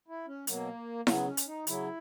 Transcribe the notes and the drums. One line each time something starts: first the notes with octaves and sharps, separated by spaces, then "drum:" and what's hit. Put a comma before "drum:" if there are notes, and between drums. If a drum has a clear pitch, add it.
E4
C#4
B2 F#3 A#3, drum: hi-hat
C#3 F#3 B3, drum: snare E4
C#4
drum: hi-hat
D#4
C#3 F#3 E4, drum: hi-hat